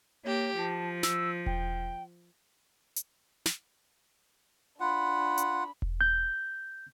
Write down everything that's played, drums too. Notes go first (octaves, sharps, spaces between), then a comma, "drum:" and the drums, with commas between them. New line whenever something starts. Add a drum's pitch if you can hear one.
A#3 G4 C#5
F3 A5
E6, drum: snare
G5, drum: kick E1
drum: hi-hat
drum: snare
D4 F4 F#5 B5
drum: hi-hat
drum: kick E1
G6